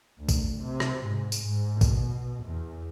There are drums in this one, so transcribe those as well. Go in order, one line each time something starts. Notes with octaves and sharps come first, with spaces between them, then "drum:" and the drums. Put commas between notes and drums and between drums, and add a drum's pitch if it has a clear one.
D2
drum: kick, tambourine
C3
drum: rim click
G#2
drum: tambourine
G#2
B2, drum: kick, tambourine
E2